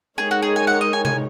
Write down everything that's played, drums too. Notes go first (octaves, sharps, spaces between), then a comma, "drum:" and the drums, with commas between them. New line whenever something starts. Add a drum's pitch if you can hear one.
G#3 D#4 G#4 A#4 C#5
F#4
G#4
G#5
F#5
D#5
G#5
G#5, drum: tom C3